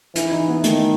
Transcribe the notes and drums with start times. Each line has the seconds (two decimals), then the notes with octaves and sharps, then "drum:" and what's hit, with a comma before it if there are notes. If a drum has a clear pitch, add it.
0.15 E3 E4, drum: hi-hat
0.31 D#4
0.48 B3
0.64 D#3 A3, drum: hi-hat